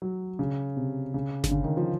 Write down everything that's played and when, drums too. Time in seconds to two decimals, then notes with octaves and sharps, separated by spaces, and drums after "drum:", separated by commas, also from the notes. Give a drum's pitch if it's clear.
0.02 F#3
0.39 C#3
0.76 C3
1.14 C#3
1.44 D3, drum: snare G1
1.51 C#3
1.64 D#3
1.77 F3